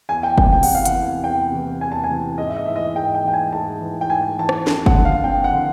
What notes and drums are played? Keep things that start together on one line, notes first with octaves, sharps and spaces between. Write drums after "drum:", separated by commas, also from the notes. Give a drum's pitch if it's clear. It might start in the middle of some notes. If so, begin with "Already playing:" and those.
E2 G#5
G5
C3 E3 G5, drum: kick
G5
E2 F#5, drum: open hi-hat
F5
F#5, drum: hi-hat
C3 E3
E2 G5
C3 E3
E2 G#5
A5
G#5
C3 E3
G#2 D#5
E5
D#5
E3 E5
D#5
G#2 G5
G5
E3 G5
G#5
G#2 A5
E3
G5
G#2 G#5
E3 A5
drum: rim click
F2 A5, drum: snare
F#5, drum: kick
D3
F5
F2 G5
F#5
D3